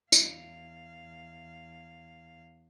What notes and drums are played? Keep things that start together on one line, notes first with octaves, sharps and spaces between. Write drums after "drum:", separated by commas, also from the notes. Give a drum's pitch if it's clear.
E2 F5, drum: tambourine